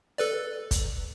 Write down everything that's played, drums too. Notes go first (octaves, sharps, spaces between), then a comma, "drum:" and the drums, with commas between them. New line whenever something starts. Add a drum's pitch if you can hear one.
A4 B4 D5
drum: kick, hi-hat